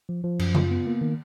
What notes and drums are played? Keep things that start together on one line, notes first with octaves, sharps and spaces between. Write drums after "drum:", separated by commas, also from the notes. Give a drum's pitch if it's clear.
F3
F3
F#2, drum: cymbal
F4, drum: tom C#3
B3
A#3
D#3